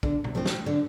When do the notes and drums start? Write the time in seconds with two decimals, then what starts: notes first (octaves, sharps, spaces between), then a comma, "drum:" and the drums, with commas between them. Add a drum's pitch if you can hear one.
0.03 D3, drum: kick
0.24 drum: tom
0.35 F3 A3 C4
0.46 drum: snare
0.66 D3